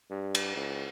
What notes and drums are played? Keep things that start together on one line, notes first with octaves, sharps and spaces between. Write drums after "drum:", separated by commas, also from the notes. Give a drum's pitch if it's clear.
G2
drum: cymbal
C#2